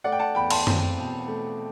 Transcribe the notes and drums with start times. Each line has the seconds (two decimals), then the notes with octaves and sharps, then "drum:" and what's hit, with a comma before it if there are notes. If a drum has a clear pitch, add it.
0.04 A3 D5 F#5
0.12 G5
0.19 F#5 A5
0.35 E2 G5 B5
0.50 A5 C6, drum: cymbal
0.67 C4, drum: tom
0.98 B2
1.28 A3